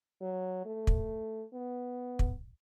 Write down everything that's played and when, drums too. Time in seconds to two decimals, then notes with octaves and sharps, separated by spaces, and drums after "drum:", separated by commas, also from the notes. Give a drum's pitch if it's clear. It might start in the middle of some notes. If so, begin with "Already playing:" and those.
0.22 F#3
0.66 A3
0.87 drum: kick
1.53 B3
2.19 drum: kick